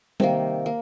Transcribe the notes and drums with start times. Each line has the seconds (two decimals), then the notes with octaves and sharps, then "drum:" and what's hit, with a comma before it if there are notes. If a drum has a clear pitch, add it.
0.20 C3 D#3 A#3, drum: tom
0.66 A#3